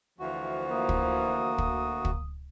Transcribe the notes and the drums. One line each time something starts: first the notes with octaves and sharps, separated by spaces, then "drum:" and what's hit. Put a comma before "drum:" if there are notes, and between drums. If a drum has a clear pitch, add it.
D2 E3 F3 F#4
A#3 D#6
drum: kick
drum: kick
drum: kick